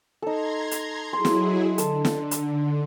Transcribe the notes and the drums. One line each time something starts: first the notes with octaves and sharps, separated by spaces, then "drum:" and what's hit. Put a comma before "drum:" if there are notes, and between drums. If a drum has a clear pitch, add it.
D#4 A4 A#5 C6 G#6
drum: hi-hat
F#3 E4 G#4 C6
drum: snare
D3 A4, drum: hi-hat
drum: snare
drum: hi-hat